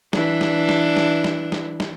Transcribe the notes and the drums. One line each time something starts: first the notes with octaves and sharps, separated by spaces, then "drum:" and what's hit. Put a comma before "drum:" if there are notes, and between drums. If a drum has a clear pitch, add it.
E3 D4, drum: snare
drum: snare
drum: snare
drum: snare
drum: snare
drum: snare
drum: snare